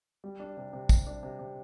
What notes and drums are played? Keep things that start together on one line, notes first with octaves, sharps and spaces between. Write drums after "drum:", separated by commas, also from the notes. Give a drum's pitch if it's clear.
G3
D4
C3
C3
G3, drum: kick, tambourine
D4
C3
C3